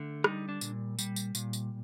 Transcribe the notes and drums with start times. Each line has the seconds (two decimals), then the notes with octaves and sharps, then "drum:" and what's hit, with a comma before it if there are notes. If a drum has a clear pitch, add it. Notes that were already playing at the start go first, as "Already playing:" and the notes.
Already playing: D3 A3
0.24 G3 D#4, drum: rim click
0.49 D4
0.61 A#2, drum: tambourine
0.99 G3, drum: tambourine
1.16 drum: tambourine
1.35 A#2, drum: tambourine
1.53 drum: tambourine